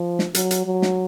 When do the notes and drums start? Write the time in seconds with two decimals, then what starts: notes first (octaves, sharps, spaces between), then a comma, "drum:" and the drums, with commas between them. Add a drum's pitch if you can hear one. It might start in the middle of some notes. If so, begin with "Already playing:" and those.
Already playing: F3
0.19 drum: snare
0.35 F#3, drum: hi-hat
0.51 drum: hi-hat
0.66 F#3
0.82 drum: snare